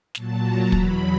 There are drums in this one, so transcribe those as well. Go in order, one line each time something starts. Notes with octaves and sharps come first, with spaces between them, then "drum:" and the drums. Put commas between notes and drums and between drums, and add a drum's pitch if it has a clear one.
A#2 F#3 A5, drum: snare
A#5
E2 B2 F#3 B5, drum: kick